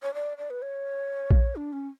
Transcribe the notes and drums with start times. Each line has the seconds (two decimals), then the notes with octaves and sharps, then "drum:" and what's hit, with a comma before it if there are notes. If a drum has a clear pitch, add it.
0.03 C#5
0.14 D5
0.38 D5
0.50 B4
0.62 C#5
1.31 drum: kick A#1
1.56 D4
1.73 C#4